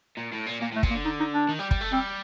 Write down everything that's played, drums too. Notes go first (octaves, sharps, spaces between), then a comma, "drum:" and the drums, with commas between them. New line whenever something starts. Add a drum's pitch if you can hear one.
A#2
A2
A#2
A#2 A#3
A2 A3
A#2, drum: kick
A#3
D3
D#4
D#4
D4
D#3
G3
G3, drum: kick
A3
G3 C4